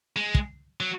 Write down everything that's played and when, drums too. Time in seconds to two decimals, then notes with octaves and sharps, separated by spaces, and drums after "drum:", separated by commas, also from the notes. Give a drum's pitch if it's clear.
0.16 G#3
0.35 drum: kick
0.81 F#3